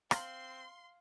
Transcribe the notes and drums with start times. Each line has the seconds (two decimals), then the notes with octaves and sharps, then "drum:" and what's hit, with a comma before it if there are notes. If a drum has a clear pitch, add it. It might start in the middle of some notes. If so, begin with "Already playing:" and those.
0.11 C4 F5 C6 F6 F#7, drum: rim click